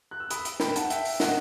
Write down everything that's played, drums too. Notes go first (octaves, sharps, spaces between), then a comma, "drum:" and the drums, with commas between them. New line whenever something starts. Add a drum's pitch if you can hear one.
F#6
E6
B5 D#6, drum: hi-hat
drum: hi-hat
G5 B5, drum: snare
F#5 A5, drum: hi-hat
E5 G5, drum: hi-hat
drum: open hi-hat
D#5 F#5, drum: snare